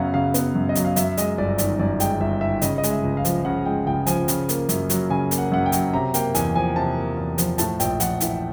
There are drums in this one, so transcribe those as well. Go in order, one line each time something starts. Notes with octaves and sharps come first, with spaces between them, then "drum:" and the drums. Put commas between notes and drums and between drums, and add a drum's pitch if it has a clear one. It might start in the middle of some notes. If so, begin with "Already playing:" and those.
Already playing: F#2 C#3 F#3 B3 F5 F#5
C#3 F5
B3, drum: hi-hat
F#2
D#5
F#3, drum: hi-hat
F5
F#2 E5, drum: hi-hat
G#3 D#5, drum: hi-hat
G1 D5
D#3 D5, drum: hi-hat
F#2 D5
G#3 G5, drum: hi-hat
G1 E5
D#3 E5
C#3 D#5, drum: hi-hat
D#5
G#3, drum: hi-hat
E5
C#2
F5
F3, drum: hi-hat
C#3 F#5
G#3 G5
C#2 G5
F3 G#5, drum: hi-hat
C#3, drum: hi-hat
A#3, drum: hi-hat
F#2, drum: hi-hat
F#3, drum: hi-hat
C#3 G#5
A#3, drum: hi-hat
F#5
F#2 F#5
G5
F#3, drum: hi-hat
C3 A#5
A#3 G5, drum: hi-hat
E2 G#5, drum: hi-hat
F3 G#5
C3 A5
A#3
E2
F3, drum: hi-hat
A2 A5, drum: hi-hat
A#1 G5, drum: hi-hat
A#1 F#5, drum: hi-hat
E3 E5, drum: hi-hat